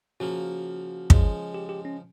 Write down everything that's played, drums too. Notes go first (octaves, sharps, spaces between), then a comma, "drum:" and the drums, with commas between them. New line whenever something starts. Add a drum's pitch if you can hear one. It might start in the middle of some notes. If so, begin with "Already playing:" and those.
C#3 F3 A#3 F#4
C#3 F3 G#3, drum: kick
G4
G4
C#4